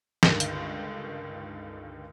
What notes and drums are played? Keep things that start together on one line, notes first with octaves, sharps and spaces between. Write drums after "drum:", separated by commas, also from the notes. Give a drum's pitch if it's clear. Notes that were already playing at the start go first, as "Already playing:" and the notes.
C#2 G2 D3 D#3, drum: snare
drum: hi-hat